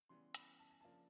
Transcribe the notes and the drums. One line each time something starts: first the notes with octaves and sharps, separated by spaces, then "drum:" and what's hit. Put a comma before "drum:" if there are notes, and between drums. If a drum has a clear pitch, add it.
C#3 E3 G3 B3 C6
B5, drum: hi-hat
A5
G#5
C#3 F3 A#3 D4 F4 A5